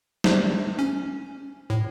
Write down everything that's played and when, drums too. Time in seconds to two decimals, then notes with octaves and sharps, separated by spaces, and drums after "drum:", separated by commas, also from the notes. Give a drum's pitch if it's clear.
0.24 C5, drum: snare
0.79 C#4
1.70 A2